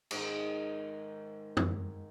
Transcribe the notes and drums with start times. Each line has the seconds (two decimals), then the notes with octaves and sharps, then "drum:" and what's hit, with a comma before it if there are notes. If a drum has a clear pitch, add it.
0.11 G#2 D#3, drum: cymbal
1.57 drum: tom